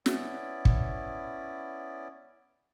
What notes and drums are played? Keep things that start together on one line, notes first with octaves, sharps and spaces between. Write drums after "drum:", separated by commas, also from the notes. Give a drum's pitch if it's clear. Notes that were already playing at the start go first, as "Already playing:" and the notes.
B3 C#4 E4 D5, drum: snare
drum: kick